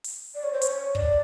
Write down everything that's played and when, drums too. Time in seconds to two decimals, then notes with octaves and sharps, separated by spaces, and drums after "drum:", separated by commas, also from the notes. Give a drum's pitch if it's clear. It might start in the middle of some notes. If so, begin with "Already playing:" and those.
0.04 drum: open hi-hat
0.35 D5
0.44 C#5
0.53 C5
0.62 C#5, drum: hi-hat
0.95 D5, drum: kick